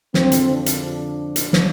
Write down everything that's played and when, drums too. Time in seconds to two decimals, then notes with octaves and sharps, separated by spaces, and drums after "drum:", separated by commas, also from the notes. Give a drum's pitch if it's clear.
0.14 F2 D3 F3 C4, drum: snare
0.32 drum: hi-hat
0.50 D4
0.66 drum: hi-hat
1.36 drum: hi-hat
1.53 drum: snare